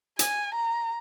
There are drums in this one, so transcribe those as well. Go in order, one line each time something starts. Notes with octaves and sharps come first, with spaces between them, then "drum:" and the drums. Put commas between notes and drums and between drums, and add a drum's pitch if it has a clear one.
G#5, drum: hi-hat
A#5